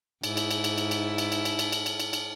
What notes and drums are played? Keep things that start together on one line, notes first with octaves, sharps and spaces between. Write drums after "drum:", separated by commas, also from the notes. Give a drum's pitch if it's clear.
G#2 E4, drum: cymbal
drum: cymbal
drum: cymbal
drum: cymbal
drum: cymbal
drum: cymbal
drum: cymbal
drum: cymbal
drum: cymbal
drum: cymbal
drum: cymbal
drum: cymbal
drum: cymbal
drum: cymbal